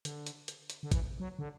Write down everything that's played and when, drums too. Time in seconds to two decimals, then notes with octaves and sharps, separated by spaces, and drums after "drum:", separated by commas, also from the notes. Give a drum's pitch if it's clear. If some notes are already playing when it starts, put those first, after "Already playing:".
0.05 D3, drum: hi-hat
0.27 drum: hi-hat
0.48 drum: hi-hat
0.70 drum: hi-hat
0.83 D3
0.91 E3, drum: kick, hi-hat
1.20 F#3
1.39 D3